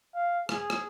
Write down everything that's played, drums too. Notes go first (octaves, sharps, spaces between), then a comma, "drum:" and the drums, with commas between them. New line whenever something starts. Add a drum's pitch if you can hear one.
F5
G#4, drum: rim click
drum: rim click